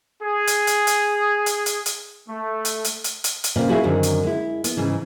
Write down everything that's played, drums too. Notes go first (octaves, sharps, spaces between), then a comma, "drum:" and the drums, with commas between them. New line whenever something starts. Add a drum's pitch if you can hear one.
G#4
drum: hi-hat
drum: hi-hat
drum: hi-hat
drum: hi-hat
drum: hi-hat
drum: hi-hat
A3
drum: hi-hat
drum: hi-hat
drum: hi-hat
drum: hi-hat
drum: hi-hat
A#2 C#3 C4 F4 B4 F5
E4 F#4 G#4 B4 E5 F5
F#2 D3 D#3 F#3 C4
drum: hi-hat
G#3 E4
B3, drum: hi-hat
G#2 C#3 E3